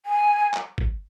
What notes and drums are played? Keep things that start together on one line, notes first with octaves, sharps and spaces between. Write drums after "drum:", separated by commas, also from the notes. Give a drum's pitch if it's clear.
G#5
drum: clap
drum: kick G1